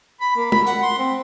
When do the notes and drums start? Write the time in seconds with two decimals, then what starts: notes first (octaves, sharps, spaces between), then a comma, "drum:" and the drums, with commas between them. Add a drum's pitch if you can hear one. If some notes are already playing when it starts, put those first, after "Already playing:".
0.21 B5
0.36 A#3
0.52 B5, drum: tom
0.67 F#5, drum: hi-hat
0.83 C6
0.98 C4